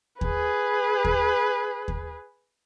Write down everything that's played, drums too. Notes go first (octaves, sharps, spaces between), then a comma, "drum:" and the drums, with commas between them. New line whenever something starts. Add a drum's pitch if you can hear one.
G#4 B4, drum: kick D#2
drum: kick D#2
drum: kick D#2